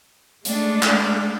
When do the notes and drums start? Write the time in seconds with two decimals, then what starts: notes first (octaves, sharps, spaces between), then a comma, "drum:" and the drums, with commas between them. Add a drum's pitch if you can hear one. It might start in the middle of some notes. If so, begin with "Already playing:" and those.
0.45 G#3 A3 D4, drum: hi-hat
0.83 drum: clap